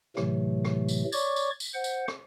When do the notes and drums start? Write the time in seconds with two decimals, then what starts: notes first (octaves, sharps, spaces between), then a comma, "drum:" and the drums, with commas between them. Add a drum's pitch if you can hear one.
0.17 A2 C3 E3 F#3 A3, drum: rim click
0.65 drum: rim click
0.89 drum: tambourine
1.12 C#5 D5 C#6 D6, drum: tambourine
1.36 drum: tambourine
1.60 drum: tambourine
1.74 C5 F#5
1.84 drum: tambourine
2.08 drum: rim click